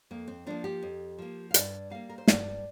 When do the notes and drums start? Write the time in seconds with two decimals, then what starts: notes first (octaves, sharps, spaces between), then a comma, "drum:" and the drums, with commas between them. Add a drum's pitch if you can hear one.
0.11 F2 A#3
0.28 C4
0.47 F3 A#3 D4
0.64 G4
0.83 F2
1.19 F3 A#3
1.51 F5
1.54 G2 D5, drum: hi-hat
1.90 G3 A#3 F5
2.09 A#4
2.18 C5
2.28 G2 D5, drum: snare